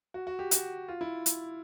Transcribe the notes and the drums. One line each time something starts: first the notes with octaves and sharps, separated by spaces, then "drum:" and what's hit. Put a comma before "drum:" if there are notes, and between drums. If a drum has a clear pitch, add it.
F#4
F#4
G4
F#4, drum: hi-hat
F4
E4
drum: hi-hat